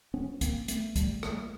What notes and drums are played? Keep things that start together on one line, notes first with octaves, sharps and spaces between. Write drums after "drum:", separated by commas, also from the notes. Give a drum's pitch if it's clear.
B3 C#4
A#3 C4, drum: kick, hi-hat
A3 B3, drum: hi-hat
G3 A3, drum: kick, hi-hat
G#3 A#3, drum: rim click